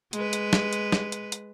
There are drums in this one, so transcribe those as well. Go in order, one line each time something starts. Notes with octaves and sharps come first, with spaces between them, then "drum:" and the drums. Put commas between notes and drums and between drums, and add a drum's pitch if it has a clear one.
G#3 B4, drum: hi-hat
drum: hi-hat
drum: snare
drum: hi-hat
drum: snare
drum: hi-hat
drum: hi-hat